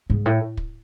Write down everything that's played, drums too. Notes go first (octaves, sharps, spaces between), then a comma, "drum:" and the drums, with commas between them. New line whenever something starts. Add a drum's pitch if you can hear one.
G#2
A2
drum: kick